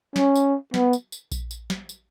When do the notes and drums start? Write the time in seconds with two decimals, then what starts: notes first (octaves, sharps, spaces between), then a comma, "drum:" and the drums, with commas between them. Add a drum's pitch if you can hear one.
0.16 C#4, drum: snare
0.36 drum: tambourine
0.74 B3, drum: snare
0.93 drum: tambourine
1.12 drum: tambourine
1.32 drum: kick A#1, tambourine
1.51 drum: tambourine
1.70 drum: snare
1.89 drum: tambourine